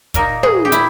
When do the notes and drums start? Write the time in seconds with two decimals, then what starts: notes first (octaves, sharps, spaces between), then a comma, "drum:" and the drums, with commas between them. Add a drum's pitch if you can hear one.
0.14 A#2 A#3 D#4 A#4, drum: kick, hi-hat
0.43 G#4, drum: tom
0.65 G4
0.72 E4, drum: hi-hat